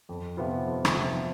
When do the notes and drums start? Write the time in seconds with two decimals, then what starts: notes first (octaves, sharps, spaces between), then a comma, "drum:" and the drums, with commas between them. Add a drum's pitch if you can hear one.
0.09 F2
0.37 C3 F3 B3 F4
0.66 F2
0.85 drum: rim click
0.94 C3 F3 B3 F4